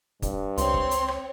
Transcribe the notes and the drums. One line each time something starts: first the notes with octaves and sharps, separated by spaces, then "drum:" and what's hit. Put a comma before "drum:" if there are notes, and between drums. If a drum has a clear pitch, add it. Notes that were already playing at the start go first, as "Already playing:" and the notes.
D#1 G2, drum: kick G1, hi-hat
C#2 C4 C#5 C6, drum: hi-hat
drum: kick G1
drum: hi-hat
drum: rim click